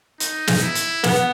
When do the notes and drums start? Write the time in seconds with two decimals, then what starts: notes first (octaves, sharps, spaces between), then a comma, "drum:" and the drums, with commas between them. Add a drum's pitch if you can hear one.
0.20 D#4, drum: hi-hat
0.47 drum: snare
0.61 E4
0.75 drum: hi-hat
1.04 B3, drum: snare